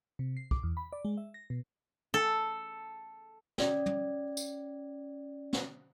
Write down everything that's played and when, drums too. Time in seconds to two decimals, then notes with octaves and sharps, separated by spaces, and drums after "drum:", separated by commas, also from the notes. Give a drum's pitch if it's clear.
0.19 C3
0.37 C7
0.51 D6, drum: kick
0.63 E2
0.77 B5
0.93 D5
1.05 G#3
1.18 E5
1.34 A#6
1.50 B2
2.14 A4
3.58 C#4 D5, drum: snare
3.86 drum: tom
4.37 drum: tambourine
5.53 drum: snare